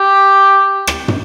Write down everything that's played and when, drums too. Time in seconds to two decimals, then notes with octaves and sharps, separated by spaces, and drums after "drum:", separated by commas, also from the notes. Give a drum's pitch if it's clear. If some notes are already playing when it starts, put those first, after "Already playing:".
Already playing: G4
0.87 drum: rim click
1.08 drum: tom